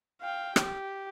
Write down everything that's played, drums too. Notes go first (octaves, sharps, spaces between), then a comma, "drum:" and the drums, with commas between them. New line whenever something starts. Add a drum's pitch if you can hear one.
F5 G5
G4, drum: rim click